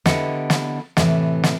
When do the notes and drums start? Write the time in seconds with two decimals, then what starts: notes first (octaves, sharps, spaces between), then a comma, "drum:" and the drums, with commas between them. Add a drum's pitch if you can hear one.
0.06 D3 B3 E4 G4 D#5 F#5, drum: snare
0.50 drum: snare
0.97 A2 C3 D#3 E3, drum: snare
1.43 drum: snare